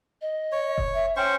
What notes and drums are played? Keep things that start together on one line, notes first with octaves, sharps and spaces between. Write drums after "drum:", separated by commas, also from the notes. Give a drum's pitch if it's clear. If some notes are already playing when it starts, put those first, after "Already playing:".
D#5
C#5
drum: kick F1
E5
C#4 C5 G5 C#6